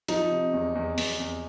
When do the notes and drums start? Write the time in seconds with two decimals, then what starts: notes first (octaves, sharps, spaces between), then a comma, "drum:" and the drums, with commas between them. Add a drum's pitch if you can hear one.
0.08 F3 D#4, drum: hi-hat
0.31 C3
0.53 E2
0.75 E2
0.98 E2, drum: open hi-hat
1.20 E2